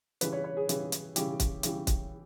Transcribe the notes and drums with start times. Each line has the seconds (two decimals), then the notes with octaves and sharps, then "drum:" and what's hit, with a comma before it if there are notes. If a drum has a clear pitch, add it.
0.21 C#3 E3 G3 B4, drum: hi-hat
0.33 C#5
0.44 C#5
0.57 G#4
0.69 C#3 E3 G3, drum: hi-hat
0.92 drum: hi-hat
1.16 C#3 E3 G3 G4, drum: hi-hat
1.40 drum: kick, hi-hat
1.63 C#3 E3 G3, drum: hi-hat
1.87 drum: kick, hi-hat